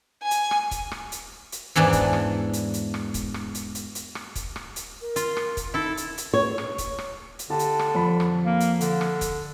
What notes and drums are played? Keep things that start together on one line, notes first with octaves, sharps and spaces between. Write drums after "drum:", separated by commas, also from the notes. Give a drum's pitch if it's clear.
G#5
drum: hi-hat
drum: rim click
drum: kick, hi-hat
drum: rim click
drum: hi-hat
drum: hi-hat
E2 G#2 E3 D4 A5
drum: kick, hi-hat
drum: rim click
drum: hi-hat
drum: hi-hat
drum: rim click
drum: kick, hi-hat
drum: rim click
drum: hi-hat
drum: hi-hat
drum: hi-hat
drum: rim click
drum: kick, hi-hat
drum: rim click
drum: hi-hat
A#4
F4, drum: hi-hat
drum: rim click
drum: kick, hi-hat
D#4 E4 A4
drum: hi-hat
drum: hi-hat
C#5
drum: rim click
drum: kick, hi-hat
drum: rim click
drum: hi-hat
D3 G4 A5
drum: hi-hat
drum: rim click
F2 B5
drum: rim click
A#3
drum: hi-hat
D3, drum: hi-hat
drum: rim click
drum: kick, hi-hat